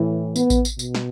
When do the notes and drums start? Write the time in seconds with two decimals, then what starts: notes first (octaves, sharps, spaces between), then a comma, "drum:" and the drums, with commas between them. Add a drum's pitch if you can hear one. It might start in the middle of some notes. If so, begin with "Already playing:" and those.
Already playing: A2 E3
0.36 B3, drum: tambourine
0.50 drum: kick A1, tambourine
0.65 drum: tambourine
0.79 B2, drum: tambourine
0.95 drum: snare